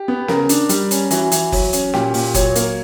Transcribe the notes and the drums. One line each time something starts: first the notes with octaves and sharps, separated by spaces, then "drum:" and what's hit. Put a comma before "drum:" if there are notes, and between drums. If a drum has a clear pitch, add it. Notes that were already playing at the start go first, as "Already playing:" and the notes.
Already playing: G4
B3
C#3 A#4, drum: snare
D4, drum: hi-hat
G3, drum: hi-hat
C#4, drum: hi-hat
E3 F#4, drum: hi-hat
E3, drum: hi-hat
F#3, drum: kick F#1, open hi-hat
C#4, drum: hi-hat
A#2 G4, drum: snare
A#2, drum: open hi-hat
F#3 C#5, drum: kick F#1, hi-hat
A#3, drum: hi-hat